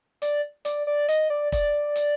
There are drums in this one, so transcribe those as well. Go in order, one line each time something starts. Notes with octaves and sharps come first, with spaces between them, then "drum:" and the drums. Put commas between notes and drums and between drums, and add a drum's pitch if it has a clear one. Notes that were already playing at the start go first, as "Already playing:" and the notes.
D5, drum: hi-hat
D5, drum: hi-hat
D5
D#5, drum: hi-hat
D5
D5, drum: kick, hi-hat
drum: hi-hat